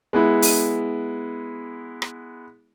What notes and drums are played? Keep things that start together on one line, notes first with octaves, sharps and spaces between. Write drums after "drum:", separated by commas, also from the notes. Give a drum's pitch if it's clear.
G#3 B3 E4
drum: open hi-hat
drum: rim click